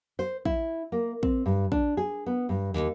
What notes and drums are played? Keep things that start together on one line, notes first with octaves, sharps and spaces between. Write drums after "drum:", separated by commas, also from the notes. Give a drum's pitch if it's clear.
C5
E4, drum: kick
A#3
C4, drum: kick
G2
D4, drum: kick
G#4
B3
G2
D#2